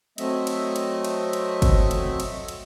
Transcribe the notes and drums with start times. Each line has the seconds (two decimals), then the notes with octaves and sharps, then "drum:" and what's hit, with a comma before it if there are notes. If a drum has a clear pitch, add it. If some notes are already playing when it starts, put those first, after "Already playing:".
0.18 F#3 A3 C4 D#5 E5, drum: cymbal
0.47 drum: cymbal
0.76 drum: cymbal
1.04 drum: cymbal
1.33 drum: cymbal
1.62 drum: kick, cymbal
1.91 drum: cymbal
2.20 drum: cymbal
2.48 drum: cymbal